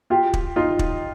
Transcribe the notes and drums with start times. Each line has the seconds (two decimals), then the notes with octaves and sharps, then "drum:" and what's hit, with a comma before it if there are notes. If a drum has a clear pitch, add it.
0.10 F4 G4
0.33 drum: kick
0.56 D#4 F4
0.79 drum: kick